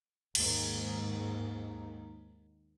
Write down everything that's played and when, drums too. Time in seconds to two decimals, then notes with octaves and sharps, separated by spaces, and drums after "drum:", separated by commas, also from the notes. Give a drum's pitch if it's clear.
0.35 D#2 G#2 D#3, drum: cymbal